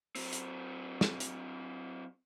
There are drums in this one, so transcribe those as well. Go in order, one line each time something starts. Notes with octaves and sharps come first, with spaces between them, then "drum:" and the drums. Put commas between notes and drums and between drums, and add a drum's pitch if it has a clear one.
F#3 C4, drum: open hi-hat
drum: hi-hat
drum: snare
drum: hi-hat